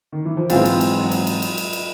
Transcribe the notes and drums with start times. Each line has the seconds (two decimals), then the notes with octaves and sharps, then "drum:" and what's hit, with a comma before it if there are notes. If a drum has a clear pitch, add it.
0.12 D#3
0.25 E3
0.37 F3
0.50 G#2 E3 F#3 G#3 C4 F4, drum: cymbal
0.65 drum: cymbal
0.81 drum: cymbal
1.01 F#3
1.11 drum: cymbal
1.27 drum: cymbal
1.42 drum: cymbal
1.58 drum: cymbal
1.73 drum: cymbal